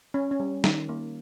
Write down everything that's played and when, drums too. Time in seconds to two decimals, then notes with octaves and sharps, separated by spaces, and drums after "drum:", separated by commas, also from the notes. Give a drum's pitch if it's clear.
0.14 C#4
0.31 C#4
0.40 G3
0.64 D#3, drum: snare
0.89 A#3